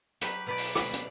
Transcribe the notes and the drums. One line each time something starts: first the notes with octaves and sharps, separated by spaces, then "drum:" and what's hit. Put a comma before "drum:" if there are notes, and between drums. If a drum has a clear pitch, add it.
F#3 G4 B4, drum: hi-hat
B2 B4 D5
drum: open hi-hat
B2 B4 D5, drum: rim click
drum: hi-hat